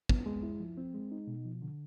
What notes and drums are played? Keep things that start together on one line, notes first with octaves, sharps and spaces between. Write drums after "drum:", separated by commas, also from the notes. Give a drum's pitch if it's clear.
B3, drum: kick
G#3
E4
F3
C4
G#3
D#4
B2
F3
D3